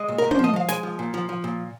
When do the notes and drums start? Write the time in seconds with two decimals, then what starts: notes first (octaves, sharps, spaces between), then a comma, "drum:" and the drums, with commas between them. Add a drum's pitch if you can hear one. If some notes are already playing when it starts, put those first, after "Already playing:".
Already playing: G#3 D#5
0.08 A#2
0.18 A#4
0.24 A#2
0.31 C5, drum: tom
0.39 F3
0.44 D#5
0.54 F3 F5
0.69 G#3 G#5, drum: hi-hat
0.83 F3
0.99 A#2
1.14 F3
1.29 F3
1.44 A#2